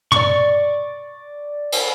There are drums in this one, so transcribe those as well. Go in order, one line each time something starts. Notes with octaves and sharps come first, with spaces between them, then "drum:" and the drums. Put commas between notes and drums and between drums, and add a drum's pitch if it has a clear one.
D5 C#6, drum: tom
drum: cymbal